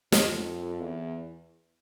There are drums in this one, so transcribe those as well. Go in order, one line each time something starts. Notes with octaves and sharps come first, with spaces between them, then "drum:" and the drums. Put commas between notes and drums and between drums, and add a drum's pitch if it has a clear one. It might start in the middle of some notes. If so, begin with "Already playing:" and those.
F2, drum: snare
E2